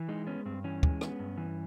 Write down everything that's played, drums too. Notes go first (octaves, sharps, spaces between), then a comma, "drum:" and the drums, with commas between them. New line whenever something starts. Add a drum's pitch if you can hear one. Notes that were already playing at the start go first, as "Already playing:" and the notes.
Already playing: E3
G#3 D#4
B3 C#4
G2 C4
E3 C#4
G#3, drum: kick
B3, drum: rim click
G2
E3